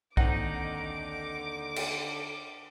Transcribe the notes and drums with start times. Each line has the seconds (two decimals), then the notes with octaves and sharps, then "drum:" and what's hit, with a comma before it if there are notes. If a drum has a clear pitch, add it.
0.17 D#2 D3 C4 D#4 F#5 D6, drum: kick B1
1.76 drum: cymbal